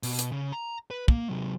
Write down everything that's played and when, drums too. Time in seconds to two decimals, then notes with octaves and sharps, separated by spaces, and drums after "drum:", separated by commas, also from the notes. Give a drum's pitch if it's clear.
0.03 B2, drum: open hi-hat
0.19 drum: hi-hat
0.32 C#3
0.52 A#5
0.91 B4
1.08 A#3, drum: kick
1.29 C3 F#3